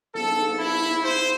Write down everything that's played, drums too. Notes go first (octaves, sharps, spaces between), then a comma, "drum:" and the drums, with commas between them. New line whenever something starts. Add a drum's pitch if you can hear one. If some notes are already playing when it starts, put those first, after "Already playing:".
A4, drum: cymbal
E4
C5